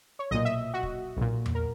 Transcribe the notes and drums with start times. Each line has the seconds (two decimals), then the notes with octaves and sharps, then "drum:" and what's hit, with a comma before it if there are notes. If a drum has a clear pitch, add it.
0.19 C#5
0.31 B1 A#2 D#5
0.45 E5
0.74 F#4
0.83 drum: kick
1.17 B1 A#2
1.46 drum: tom E2
1.55 A#4